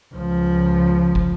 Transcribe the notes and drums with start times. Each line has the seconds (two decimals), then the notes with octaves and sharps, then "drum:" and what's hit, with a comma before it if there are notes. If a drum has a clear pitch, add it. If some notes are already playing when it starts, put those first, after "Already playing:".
0.14 C#2 F3
1.15 drum: kick